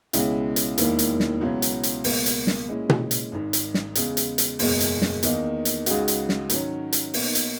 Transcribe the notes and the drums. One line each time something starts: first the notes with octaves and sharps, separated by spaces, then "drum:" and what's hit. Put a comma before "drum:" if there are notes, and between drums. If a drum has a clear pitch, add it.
C#2 B2 G#3 C#4 E4, drum: hi-hat
drum: hi-hat
E1 D#2 D#3 A#3 E4, drum: hi-hat
drum: hi-hat
drum: snare
C#2 B2 F#3 C#4 E4
drum: hi-hat
drum: hi-hat
C#2 B2 A#3, drum: open hi-hat
drum: hi-hat
drum: snare
A#2 G#3 C#4 E4
drum: tom B2
drum: hi-hat
G#1 G#2 D#3
drum: hi-hat
drum: snare
E2 C#3 G#3, drum: hi-hat
drum: hi-hat
drum: hi-hat
F#1 E2 B2 G#3, drum: open hi-hat
drum: hi-hat
drum: snare
E2 D#3 A#3 D#4, drum: hi-hat
drum: hi-hat
C#2 C#3 G#3 D#4 F#4, drum: hi-hat
drum: hi-hat
drum: snare
G#2 D#3 F#3 C#4, drum: hi-hat
drum: hi-hat
B1 B2 A#3 D#4, drum: open hi-hat
drum: hi-hat